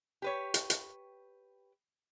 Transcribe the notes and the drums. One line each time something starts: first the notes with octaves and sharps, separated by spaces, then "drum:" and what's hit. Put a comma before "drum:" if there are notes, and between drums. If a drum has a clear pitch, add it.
G4 B4 C#5
drum: hi-hat
drum: hi-hat